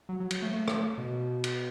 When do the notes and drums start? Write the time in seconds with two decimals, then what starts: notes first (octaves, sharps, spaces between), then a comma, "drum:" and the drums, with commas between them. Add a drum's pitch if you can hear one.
0.09 F#3
0.20 F#3
0.31 F#3, drum: cymbal
0.42 A3
0.53 A3
0.68 A3, drum: rim click
0.98 B2
1.44 drum: cymbal